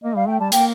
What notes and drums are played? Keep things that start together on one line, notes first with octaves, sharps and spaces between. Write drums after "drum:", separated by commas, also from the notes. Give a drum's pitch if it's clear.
A#3 D#5
G3 F5
A3 G5
G3 A5
A#3 G5, drum: hi-hat